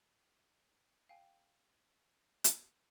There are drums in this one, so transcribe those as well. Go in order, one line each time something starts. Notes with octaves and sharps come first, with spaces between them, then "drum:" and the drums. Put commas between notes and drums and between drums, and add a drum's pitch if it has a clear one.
F5 G5 G#5
drum: hi-hat